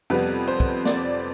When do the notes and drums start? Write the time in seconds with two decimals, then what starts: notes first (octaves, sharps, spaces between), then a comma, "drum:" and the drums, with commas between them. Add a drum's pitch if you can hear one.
0.10 F2 C3 G3 B3 B4
0.48 C5
0.60 drum: kick
0.85 D5, drum: snare